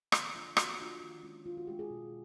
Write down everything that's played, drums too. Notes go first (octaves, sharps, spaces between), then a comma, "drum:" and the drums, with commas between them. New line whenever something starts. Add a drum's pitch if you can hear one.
D3, drum: rim click
F3 A#3 D4 F4
D3 F#4, drum: rim click
F3 A#3 D4 F4
D#3
G#3 C#4 E4
D#3 F4
F#4
G#3 C#4 E4 G4
G#4
B2